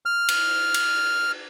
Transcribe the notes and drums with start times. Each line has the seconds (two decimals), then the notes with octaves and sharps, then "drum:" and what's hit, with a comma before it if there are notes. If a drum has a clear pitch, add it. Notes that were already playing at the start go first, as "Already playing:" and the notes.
0.06 F6
0.28 drum: cymbal
0.74 drum: cymbal